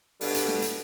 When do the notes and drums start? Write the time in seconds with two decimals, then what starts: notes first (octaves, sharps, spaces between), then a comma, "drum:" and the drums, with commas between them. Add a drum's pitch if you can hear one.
0.21 B2 G3 D4 A4, drum: open hi-hat
0.35 drum: hi-hat
0.48 drum: snare
0.62 drum: hi-hat